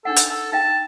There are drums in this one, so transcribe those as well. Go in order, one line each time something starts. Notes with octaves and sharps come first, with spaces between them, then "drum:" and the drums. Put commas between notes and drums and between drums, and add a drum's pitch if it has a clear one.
D4 D#4 A4 F#5
drum: hi-hat
A4
D#4 F5 G5 A5